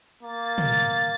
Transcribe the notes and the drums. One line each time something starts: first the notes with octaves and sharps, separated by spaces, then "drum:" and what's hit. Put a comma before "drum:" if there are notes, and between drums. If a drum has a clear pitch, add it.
A#3 A6
drum: tom